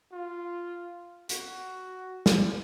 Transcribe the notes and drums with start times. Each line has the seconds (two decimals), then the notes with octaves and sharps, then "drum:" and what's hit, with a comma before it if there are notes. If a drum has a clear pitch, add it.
0.12 F4
1.29 F#4, drum: hi-hat
2.26 drum: snare